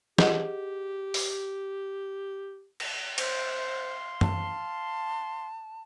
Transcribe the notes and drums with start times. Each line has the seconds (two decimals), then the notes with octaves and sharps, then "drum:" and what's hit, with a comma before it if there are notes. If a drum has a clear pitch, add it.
0.18 G4 G#4 D#5 F#5, drum: snare
1.14 drum: open hi-hat
2.80 drum: cymbal
3.18 C5 F5 C6, drum: cymbal
4.21 A5, drum: tom F#2